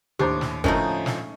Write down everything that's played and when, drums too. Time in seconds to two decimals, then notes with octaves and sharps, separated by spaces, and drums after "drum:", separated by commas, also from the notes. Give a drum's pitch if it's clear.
0.19 D#2 A2 D4 G4 C5 A#5 C6 D6
0.41 drum: snare
0.64 A2 D3 F3 G#3 A3 C#4 D#4 A#4, drum: kick
1.06 drum: snare